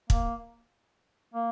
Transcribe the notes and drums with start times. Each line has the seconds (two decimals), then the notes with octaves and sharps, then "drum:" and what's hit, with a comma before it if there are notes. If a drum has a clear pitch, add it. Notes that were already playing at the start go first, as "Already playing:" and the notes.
0.10 A#3, drum: kick
1.34 A#3